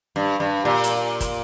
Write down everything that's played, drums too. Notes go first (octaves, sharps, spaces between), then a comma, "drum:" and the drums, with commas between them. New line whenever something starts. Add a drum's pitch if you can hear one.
G2
G2
A#2
drum: hi-hat
drum: kick, hi-hat